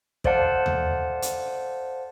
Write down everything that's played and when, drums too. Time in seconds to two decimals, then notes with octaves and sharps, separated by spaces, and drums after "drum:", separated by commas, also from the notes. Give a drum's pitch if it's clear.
0.24 A4 C5 D5 F5 F#5 A5, drum: kick
0.66 drum: tom D#2
1.22 drum: hi-hat